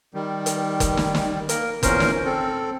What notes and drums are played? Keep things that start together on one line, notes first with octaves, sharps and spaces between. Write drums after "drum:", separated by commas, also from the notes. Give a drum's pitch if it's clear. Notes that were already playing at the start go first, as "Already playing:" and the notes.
D#3 G3
drum: hi-hat
drum: kick F#1, hi-hat
drum: snare
drum: snare
A#3 A#4, drum: hi-hat
E2 A#2 C#4 A#4 C5, drum: kick F#1, hi-hat
drum: snare
C4 A4